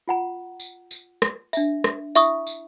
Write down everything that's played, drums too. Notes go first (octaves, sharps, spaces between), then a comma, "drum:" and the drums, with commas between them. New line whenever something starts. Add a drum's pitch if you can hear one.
F4 F#5 A#5
drum: tambourine
drum: tambourine
drum: rim click
D4 E5, drum: tambourine
drum: rim click
E4 E5 C#6 D#6, drum: tambourine
drum: tambourine